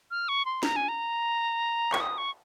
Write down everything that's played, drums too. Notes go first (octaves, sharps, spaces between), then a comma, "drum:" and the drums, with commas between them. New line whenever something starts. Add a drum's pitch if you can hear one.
F6
C#6
C6
A#5, drum: snare
G#5
A#5
C#6, drum: clap
D#6
C#6